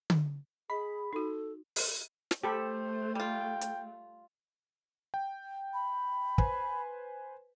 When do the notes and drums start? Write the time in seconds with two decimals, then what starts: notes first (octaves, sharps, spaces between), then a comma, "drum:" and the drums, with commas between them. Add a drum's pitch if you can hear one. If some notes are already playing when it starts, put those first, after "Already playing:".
0.10 drum: tom D3
0.70 G#4 D#5 B5
1.13 D#4 F#4 A4
1.76 drum: open hi-hat
2.31 drum: snare
2.44 A3 G4 A4 C5 B5
3.15 G3 F4 G5
3.61 drum: hi-hat
5.14 G5
5.74 B5
6.38 B4 C5 G#5, drum: kick